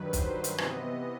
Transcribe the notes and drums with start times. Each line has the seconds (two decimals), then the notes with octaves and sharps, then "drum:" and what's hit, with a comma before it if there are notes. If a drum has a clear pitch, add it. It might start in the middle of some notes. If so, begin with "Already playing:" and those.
Already playing: G2 D#3 F#3 B4
0.13 C5, drum: kick, hi-hat
0.44 drum: hi-hat
0.58 C3 E3 B3 D#5, drum: rim click